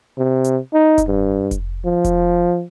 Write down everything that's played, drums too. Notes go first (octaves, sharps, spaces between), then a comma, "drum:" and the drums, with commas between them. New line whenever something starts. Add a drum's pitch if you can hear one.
C3
drum: hi-hat
D#4
drum: kick F1, hi-hat
G2
drum: kick F1, hi-hat
F3
drum: kick F1, hi-hat